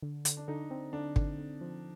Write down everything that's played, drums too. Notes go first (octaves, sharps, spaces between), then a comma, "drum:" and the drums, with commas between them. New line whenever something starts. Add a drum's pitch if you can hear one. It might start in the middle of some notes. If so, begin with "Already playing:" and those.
D3
D3, drum: hi-hat
D4
D3 D#4
C4
D3 D4
D3, drum: kick
D3
F3